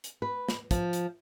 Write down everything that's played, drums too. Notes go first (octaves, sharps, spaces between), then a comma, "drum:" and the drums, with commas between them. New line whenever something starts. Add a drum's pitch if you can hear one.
drum: hi-hat
B4
drum: snare
F3, drum: kick, hi-hat
drum: hi-hat